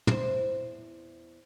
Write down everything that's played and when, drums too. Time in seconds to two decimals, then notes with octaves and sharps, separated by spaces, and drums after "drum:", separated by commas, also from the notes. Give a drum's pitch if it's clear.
0.07 E2 C5, drum: tom